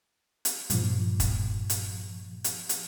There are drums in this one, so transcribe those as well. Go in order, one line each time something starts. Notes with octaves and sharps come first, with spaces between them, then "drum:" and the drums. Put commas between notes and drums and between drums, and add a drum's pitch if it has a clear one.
drum: hi-hat
G2 A#2 F3, drum: hi-hat
drum: kick, hi-hat
drum: hi-hat
drum: hi-hat
drum: hi-hat